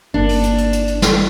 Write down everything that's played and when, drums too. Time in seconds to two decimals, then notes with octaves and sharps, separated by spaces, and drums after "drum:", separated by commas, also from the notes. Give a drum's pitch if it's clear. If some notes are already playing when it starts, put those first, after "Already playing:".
0.14 G1 A#3 D4
0.29 drum: open hi-hat
0.43 drum: hi-hat
0.58 drum: hi-hat
0.73 drum: hi-hat
0.87 drum: hi-hat
1.02 drum: snare